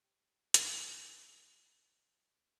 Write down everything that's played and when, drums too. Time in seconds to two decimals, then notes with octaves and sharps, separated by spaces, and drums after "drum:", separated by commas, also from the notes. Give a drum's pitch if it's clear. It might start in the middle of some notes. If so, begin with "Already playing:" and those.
0.04 G4 C#5
0.54 drum: hi-hat